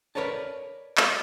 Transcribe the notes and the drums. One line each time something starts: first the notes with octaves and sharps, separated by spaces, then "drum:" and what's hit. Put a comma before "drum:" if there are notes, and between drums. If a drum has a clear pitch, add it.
A#4 B4 C#5 D5 A5
drum: clap